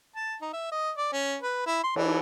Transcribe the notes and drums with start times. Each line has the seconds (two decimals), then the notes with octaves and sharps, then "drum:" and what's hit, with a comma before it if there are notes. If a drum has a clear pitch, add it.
0.16 A5
0.42 D#4
0.53 E5
0.72 D#5
0.97 D5
1.13 C#4
1.42 B4
1.66 E4
1.83 C6
1.96 E3, drum: cymbal